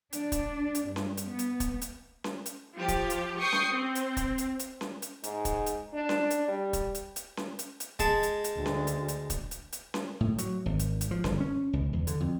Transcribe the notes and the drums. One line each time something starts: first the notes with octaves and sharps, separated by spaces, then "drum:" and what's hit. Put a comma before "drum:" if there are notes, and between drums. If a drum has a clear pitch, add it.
D4, drum: hi-hat
drum: kick, hi-hat
drum: hi-hat
G2
drum: snare C#4
drum: hi-hat
B3
drum: hi-hat
drum: kick, hi-hat
drum: hi-hat
drum: snare C#4
drum: hi-hat
F3 G4
drum: kick, hi-hat
drum: hi-hat
G5 C#6 D#6 C7
drum: snare C#4
C4
drum: hi-hat
drum: kick, hi-hat
drum: hi-hat
drum: hi-hat
drum: snare C#4
drum: hi-hat
G#2, drum: hi-hat
drum: kick, hi-hat
drum: hi-hat
D4
drum: snare C#4
drum: hi-hat
G3
drum: kick, hi-hat
drum: hi-hat
drum: hi-hat
drum: snare C#4
drum: hi-hat
drum: hi-hat
G#3 A5, drum: kick, hi-hat
drum: hi-hat
drum: hi-hat
D2
drum: snare C#4
drum: hi-hat
drum: hi-hat
drum: kick, hi-hat
drum: hi-hat
drum: hi-hat
drum: snare C#4
A2
F#3, drum: hi-hat
G#1
drum: hi-hat
drum: hi-hat
F3
G1, drum: snare C#4
C#4
C#2
E2
D3, drum: hi-hat
F2